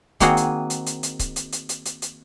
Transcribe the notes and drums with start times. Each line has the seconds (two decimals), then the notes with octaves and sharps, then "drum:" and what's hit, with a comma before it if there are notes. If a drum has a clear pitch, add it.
0.20 D#3 A#3 C4 F#4 G#4 D#5, drum: kick C#1, hi-hat
0.37 drum: hi-hat
0.70 drum: hi-hat
0.86 drum: hi-hat
1.03 drum: hi-hat
1.19 drum: kick C#1, hi-hat
1.36 drum: hi-hat
1.52 drum: hi-hat
1.69 drum: hi-hat
1.85 drum: hi-hat
2.02 drum: hi-hat